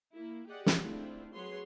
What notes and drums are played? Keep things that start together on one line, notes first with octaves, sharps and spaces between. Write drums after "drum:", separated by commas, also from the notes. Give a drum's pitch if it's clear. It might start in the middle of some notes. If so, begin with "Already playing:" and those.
A#3 E4
G4 G#4 D5 D#5 F#5
drum: snare
A3 C4 D4 E4 F4
F#3 G#4 B4 C#5 C6